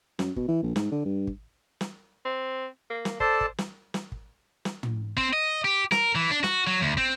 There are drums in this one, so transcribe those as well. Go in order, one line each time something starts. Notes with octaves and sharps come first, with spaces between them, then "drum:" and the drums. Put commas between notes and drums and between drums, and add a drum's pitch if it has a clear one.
F#2, drum: snare
B2, drum: kick
E3
A#1
G#2, drum: snare
D3
G2
drum: kick
drum: snare
C4
A#3
drum: snare
A4 C5 D5 A5, drum: kick
drum: kick
drum: snare
drum: snare
drum: kick
drum: snare
drum: tom
C4, drum: kick
D#5
G4
A#4, drum: snare
E3
D4
F#4, drum: snare
F#3
D2
C4, drum: kick